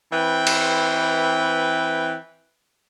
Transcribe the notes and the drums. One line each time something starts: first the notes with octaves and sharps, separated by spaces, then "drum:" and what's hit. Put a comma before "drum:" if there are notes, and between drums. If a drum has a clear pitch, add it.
E3 C4 B4 E5 G5
drum: cymbal